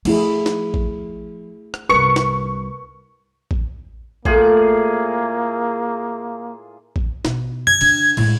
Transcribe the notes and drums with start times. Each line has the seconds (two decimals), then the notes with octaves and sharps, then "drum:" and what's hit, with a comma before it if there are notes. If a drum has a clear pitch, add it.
0.05 F3 A3 E4 G#4, drum: cymbal
0.46 drum: snare
0.74 drum: kick A1
1.74 drum: rim click
1.89 C2 G2 A#4 B4 C#6 C#7
2.16 drum: snare
3.51 drum: kick A1
4.25 A2 A#3 F4 G#4, drum: kick A1
6.96 drum: kick A1
7.25 B2, drum: snare
7.67 G#6, drum: tom F2
7.81 C#3 D4, drum: cymbal
8.17 A2 G#3, drum: cymbal